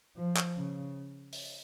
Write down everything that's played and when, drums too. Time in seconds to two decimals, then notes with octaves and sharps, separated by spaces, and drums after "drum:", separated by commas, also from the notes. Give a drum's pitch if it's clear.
0.17 F3
0.36 drum: clap
0.57 C#3
1.33 drum: open hi-hat